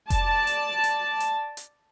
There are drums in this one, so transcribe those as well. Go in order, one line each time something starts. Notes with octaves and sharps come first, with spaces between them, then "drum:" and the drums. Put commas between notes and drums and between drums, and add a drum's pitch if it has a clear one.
D5 A5, drum: kick F1, hi-hat
drum: hi-hat
drum: hi-hat
drum: hi-hat
drum: hi-hat